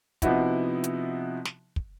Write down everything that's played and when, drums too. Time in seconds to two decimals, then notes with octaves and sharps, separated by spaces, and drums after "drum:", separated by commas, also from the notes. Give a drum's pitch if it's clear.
0.22 C3 F3 B3 D#4 E4 F#4, drum: kick, hi-hat
0.84 drum: hi-hat
1.45 drum: snare
1.76 drum: kick